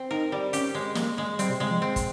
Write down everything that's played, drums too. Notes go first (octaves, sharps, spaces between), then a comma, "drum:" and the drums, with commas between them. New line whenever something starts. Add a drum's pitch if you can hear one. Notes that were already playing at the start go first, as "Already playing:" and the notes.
Already playing: C4
D#4 A#4
G3
C#4 G4, drum: hi-hat
G#3
G#3 A#3, drum: snare
G#3
G3 C4, drum: hi-hat
C3
C#3 G#3
F3
C4
drum: kick, hi-hat